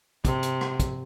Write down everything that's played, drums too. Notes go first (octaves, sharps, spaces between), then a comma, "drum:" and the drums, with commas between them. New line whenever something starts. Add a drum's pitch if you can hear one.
C3, drum: kick, hi-hat
drum: hi-hat
drum: rim click
drum: kick, hi-hat